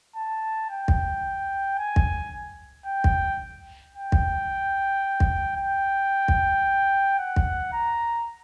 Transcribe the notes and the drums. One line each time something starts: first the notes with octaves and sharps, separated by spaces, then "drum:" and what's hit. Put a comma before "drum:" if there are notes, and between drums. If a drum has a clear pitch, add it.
A5
G5
drum: kick
G#5
drum: kick
G5
drum: kick
G5
drum: kick
drum: kick
G5
drum: kick
F#5
drum: kick
A#5